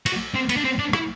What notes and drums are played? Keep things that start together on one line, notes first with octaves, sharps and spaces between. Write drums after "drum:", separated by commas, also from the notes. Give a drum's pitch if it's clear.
F#4, drum: cymbal
C4
B3, drum: cymbal
D4
C4
D4
E4, drum: rim click